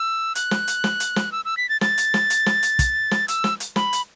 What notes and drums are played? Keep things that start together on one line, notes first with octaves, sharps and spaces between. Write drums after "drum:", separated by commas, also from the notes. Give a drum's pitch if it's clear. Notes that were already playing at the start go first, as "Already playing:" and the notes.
Already playing: E6
F#6, drum: hi-hat
drum: snare
drum: hi-hat
drum: snare
drum: hi-hat
drum: snare
E6
E6
B6
A6
A6, drum: snare
drum: hi-hat
drum: snare
drum: hi-hat
drum: snare
drum: hi-hat
drum: kick, hi-hat
drum: snare
E6, drum: hi-hat
drum: snare
drum: hi-hat
B5, drum: snare
drum: hi-hat